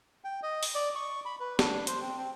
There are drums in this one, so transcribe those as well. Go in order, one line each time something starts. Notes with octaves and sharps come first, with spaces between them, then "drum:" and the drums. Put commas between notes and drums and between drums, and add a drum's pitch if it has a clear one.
G5
D#5
drum: open hi-hat
D5
C#6
B5
B4
D4, drum: snare
C5, drum: hi-hat
C4
C4